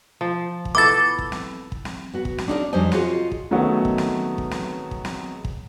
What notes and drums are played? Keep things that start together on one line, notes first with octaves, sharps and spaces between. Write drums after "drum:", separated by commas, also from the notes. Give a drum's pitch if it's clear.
F3
drum: kick
B3 E4 A4 D6 A6
drum: kick
drum: snare
drum: kick
drum: snare
B3 F#4
drum: kick
drum: snare
D4 D#4 F#4 A#4
F2 F#3 G3 C5 D#5 G#5
F4 F#4 G#4 D#5, drum: snare
drum: kick
D#3 F#3 G#3 A3 B3 C#4
drum: kick
drum: snare
drum: kick
drum: snare
drum: kick
drum: snare
drum: kick